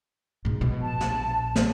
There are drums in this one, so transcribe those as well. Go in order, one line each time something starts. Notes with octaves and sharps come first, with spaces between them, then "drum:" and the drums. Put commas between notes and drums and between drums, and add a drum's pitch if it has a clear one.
G#2 B2
A#1 B2
A5
A#1, drum: snare
drum: snare